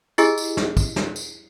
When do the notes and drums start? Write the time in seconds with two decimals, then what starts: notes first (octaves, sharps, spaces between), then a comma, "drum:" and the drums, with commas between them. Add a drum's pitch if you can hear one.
0.18 E4 G4 G#4 D#5 G#5 E6, drum: tambourine
0.38 drum: tambourine
0.57 drum: snare
0.77 drum: kick, tambourine
0.96 drum: snare
1.16 drum: tambourine